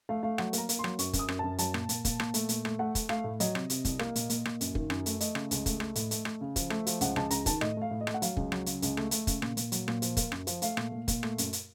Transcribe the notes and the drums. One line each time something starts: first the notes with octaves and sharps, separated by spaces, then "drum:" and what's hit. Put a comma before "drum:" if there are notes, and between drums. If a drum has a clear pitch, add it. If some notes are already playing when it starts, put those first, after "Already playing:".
A3 F5
A3 F5
F#3 F#5, drum: rim click
A#3, drum: hi-hat
A#5
A#3, drum: hi-hat
C6
F#3, drum: rim click
F#2 C#6, drum: hi-hat
F#2, drum: kick, hi-hat
D#6
F#2, drum: rim click
F#2 A5
F#3 A5, drum: hi-hat
A#2, drum: rim click
A#2, drum: hi-hat
A#2, drum: kick, hi-hat
A#2, drum: rim click
A3, drum: hi-hat
A#2, drum: hi-hat
A3, drum: rim click
A3 F#5
A3, drum: kick, hi-hat
A3 F5, drum: rim click
A2
F#3 D#5, drum: hi-hat
C3, drum: rim click
C3, drum: hi-hat
C2, drum: kick, hi-hat
A#3, drum: rim click
A#2, drum: hi-hat
A#2, drum: hi-hat
A#2, drum: rim click
F#2, drum: hi-hat
D#3, drum: kick
F#2, drum: rim click
A3, drum: hi-hat
A3 D#5, drum: hi-hat
C#3, drum: rim click
C#2, drum: hi-hat
A3, drum: kick, hi-hat
A3, drum: rim click
A2, drum: hi-hat
A3, drum: hi-hat
A3, drum: rim click
C#3
F3, drum: kick, hi-hat
A3, drum: rim click
F3, drum: hi-hat
C#2 F#5, drum: hi-hat
C#2 A5, drum: rim click
C#2 A#5, drum: hi-hat
D#3 A5, drum: kick, hi-hat
A2 D#5, drum: rim click
A3 F5
A2
D#5
A3, drum: rim click
F#5
F#3 F5, drum: hi-hat
C#2, drum: kick
F#3, drum: rim click
C#3, drum: hi-hat
C#2, drum: hi-hat
A3, drum: rim click
A3, drum: hi-hat
C#3, drum: kick, hi-hat
A#2, drum: rim click
A#2, drum: hi-hat
F#3, drum: hi-hat
A#2, drum: rim click
F3, drum: hi-hat
A#3, drum: kick, hi-hat
F#2, drum: rim click
F3, drum: hi-hat
A3 F5, drum: hi-hat
A#2, drum: rim click
A#2
A#2, drum: kick, hi-hat
A3, drum: rim click
F#2, drum: hi-hat
drum: hi-hat